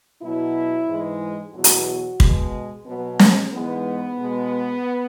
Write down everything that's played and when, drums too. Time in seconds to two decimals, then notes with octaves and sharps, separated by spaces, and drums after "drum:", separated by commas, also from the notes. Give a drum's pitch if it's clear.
0.21 B2 F#3 E4
0.87 G#2 E3 G#3
1.53 E2 B2 F#3 F#4
1.64 drum: hi-hat
2.20 B2 G#3, drum: kick
2.86 B2 F#3 B3
3.19 G#3, drum: snare
3.51 G#2 E3 G#3 B3
4.18 B2 G#3